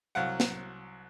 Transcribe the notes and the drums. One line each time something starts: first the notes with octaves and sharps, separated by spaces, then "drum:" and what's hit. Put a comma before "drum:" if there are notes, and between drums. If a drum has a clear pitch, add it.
C2 F#3 F5 F#5
drum: snare